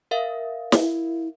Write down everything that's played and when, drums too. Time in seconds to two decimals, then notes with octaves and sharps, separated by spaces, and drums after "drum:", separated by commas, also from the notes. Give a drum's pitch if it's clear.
0.11 A#4 E5 F5
0.72 E4, drum: snare